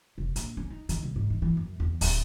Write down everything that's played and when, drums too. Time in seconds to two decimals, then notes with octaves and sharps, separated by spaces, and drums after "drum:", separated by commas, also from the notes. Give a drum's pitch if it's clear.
0.18 F1
0.36 A#1, drum: hi-hat
0.57 C#4
0.70 D#4
0.89 D#3, drum: hi-hat
1.03 C2
1.16 G#2
1.30 D#3
1.42 E3
1.57 F#2
1.80 E2
2.01 D1, drum: open hi-hat